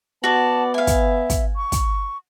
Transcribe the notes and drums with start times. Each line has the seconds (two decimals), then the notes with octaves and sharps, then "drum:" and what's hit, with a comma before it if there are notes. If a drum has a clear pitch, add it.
0.24 B3 F#4 D5 A5
0.74 E5 F5 G#5
0.87 drum: kick, hi-hat
1.30 drum: kick, hi-hat
1.56 C#6
1.72 drum: kick, hi-hat